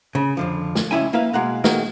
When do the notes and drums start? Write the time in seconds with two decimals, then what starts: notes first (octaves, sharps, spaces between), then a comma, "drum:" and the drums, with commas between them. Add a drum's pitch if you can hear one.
0.15 C#3
0.37 F2 D3 F3
0.75 drum: snare
0.91 C#2 G2 C#4 E4 G5 G#5
1.13 A#3 E4 B4 F5
1.33 B2 G#3 A#3 F#5 A#5
1.64 D#3 G#3 A#3 F#4, drum: snare